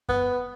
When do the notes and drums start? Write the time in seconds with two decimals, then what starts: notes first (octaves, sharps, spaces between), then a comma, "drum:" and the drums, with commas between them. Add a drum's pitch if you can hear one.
0.09 B3, drum: kick F#2